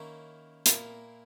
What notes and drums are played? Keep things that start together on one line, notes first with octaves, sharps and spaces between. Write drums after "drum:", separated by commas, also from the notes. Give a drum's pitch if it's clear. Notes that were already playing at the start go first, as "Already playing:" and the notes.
Already playing: D#3 A#3 C#4 E4
A#2 A#3 E4 A#4, drum: hi-hat